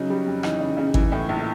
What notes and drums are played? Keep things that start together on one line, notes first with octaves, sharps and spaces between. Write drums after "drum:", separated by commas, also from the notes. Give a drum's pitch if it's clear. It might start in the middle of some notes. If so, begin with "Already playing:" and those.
Already playing: C#3 F#3 D#4
G3
F2
E3 D#4, drum: rim click
C#3
C#3
E3, drum: kick
A2
A#1